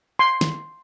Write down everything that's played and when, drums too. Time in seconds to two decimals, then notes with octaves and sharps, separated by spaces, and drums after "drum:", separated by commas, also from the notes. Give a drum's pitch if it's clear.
0.19 C6
0.41 drum: snare